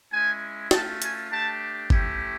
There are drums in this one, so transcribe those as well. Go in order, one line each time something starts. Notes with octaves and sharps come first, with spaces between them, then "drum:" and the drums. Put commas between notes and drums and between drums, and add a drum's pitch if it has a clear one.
G#3 C#4 E4 G#5
A3 C#4 F4 A5, drum: snare
G#5, drum: hi-hat
A3 D4 G4 A5
A3 C#4 E4 G4, drum: kick G1